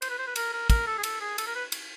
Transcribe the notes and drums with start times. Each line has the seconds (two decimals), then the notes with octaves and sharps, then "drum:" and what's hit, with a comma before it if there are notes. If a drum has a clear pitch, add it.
0.02 C5, drum: cymbal
0.10 B4
0.19 C5
0.27 B4
0.36 A#4, drum: cymbal
0.53 A#4
0.70 A#4, drum: kick, cymbal
0.87 A4
0.98 G#4
1.03 A4, drum: cymbal
1.21 G#4
1.38 A4, drum: cymbal
1.47 A#4
1.55 B4
1.72 drum: cymbal